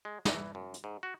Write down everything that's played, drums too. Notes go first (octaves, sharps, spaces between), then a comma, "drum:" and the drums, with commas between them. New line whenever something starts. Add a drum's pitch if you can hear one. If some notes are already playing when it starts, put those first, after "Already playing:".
G#3
E3, drum: snare
F#2
drum: hi-hat
G#2
F#4